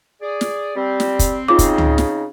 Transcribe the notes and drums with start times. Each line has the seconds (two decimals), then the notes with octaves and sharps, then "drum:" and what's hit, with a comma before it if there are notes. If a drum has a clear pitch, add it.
0.21 G#4 D5
0.41 drum: snare
0.76 G3 C4
1.00 drum: snare
1.19 drum: kick, hi-hat
1.48 C#3 D#4 F4 D6
1.59 drum: kick, hi-hat
1.78 drum: tom C#2
1.98 drum: snare